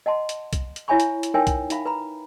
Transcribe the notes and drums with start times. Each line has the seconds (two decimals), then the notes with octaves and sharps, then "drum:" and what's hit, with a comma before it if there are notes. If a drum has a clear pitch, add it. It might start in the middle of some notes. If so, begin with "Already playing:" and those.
0.06 D#5 F#5 A5 C6
0.29 drum: hi-hat
0.53 drum: kick, hi-hat
0.76 drum: hi-hat
0.88 E4 C#5 E5 G#5 B5 C#6
1.00 drum: hi-hat
1.23 drum: hi-hat
1.34 D#4 A#4 C#5 E5 G5 G#5
1.47 drum: kick, hi-hat
1.70 D#4 E5 F5 B5, drum: hi-hat
1.86 B4 A#5 B5